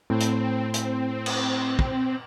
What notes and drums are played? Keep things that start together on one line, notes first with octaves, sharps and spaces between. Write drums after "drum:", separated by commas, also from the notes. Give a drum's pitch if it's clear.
A2 C4
drum: hi-hat
drum: hi-hat
drum: cymbal
drum: kick